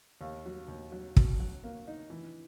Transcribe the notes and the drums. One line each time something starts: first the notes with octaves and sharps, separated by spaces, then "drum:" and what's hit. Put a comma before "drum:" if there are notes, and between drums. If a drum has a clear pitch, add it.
D#2
F#3
D#2
F#3
F#3, drum: kick
F#3
A#3
D#4
E3